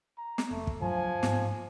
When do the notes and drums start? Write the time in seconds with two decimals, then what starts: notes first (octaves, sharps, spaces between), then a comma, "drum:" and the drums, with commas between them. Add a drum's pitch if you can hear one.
0.18 A#5
0.38 drum: snare
0.51 F1 A3
0.67 drum: kick
0.82 G2 F3 F#3 G#5
1.23 G#2, drum: snare